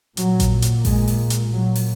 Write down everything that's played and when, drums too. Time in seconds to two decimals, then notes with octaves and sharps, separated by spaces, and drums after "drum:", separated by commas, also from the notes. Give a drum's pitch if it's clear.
0.17 A#2 F#3, drum: hi-hat
0.40 drum: kick A1, hi-hat
0.62 drum: hi-hat
0.85 G#3, drum: kick A1, open hi-hat
1.08 drum: open hi-hat
1.30 drum: hi-hat
1.53 A#2 F#3
1.75 drum: open hi-hat